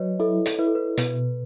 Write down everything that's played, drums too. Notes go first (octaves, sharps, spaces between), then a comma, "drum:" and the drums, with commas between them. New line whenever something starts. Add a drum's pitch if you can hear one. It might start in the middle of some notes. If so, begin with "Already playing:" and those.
Already playing: F#3 B4 C#5 D#5
E4 A4
drum: hi-hat
E4 B4
A4
B4
B2 B4, drum: hi-hat